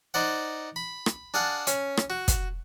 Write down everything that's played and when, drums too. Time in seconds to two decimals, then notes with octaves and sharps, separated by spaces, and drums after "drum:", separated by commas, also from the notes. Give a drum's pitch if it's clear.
0.14 D#4 C5 D5 F#5
0.76 B5
1.06 drum: rim click
1.34 D4 G#4 F5 F#5 A5
1.67 C#4, drum: hi-hat
1.97 drum: rim click
2.10 F#4
2.28 drum: kick, hi-hat